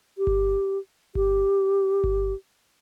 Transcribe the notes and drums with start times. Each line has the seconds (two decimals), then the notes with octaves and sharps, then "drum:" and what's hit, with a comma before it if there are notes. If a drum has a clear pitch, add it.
0.18 G4
0.27 drum: kick G1
1.15 G4, drum: kick G1
2.04 drum: kick G1